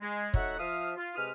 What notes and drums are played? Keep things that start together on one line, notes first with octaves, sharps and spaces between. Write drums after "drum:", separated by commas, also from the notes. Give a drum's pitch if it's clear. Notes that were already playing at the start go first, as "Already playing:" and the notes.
G#3
A3 D#4 F#4 C#5 E5 F#5, drum: kick
F3 E5 F5 D#6
F4
C3 G#3 B4 D#6 F6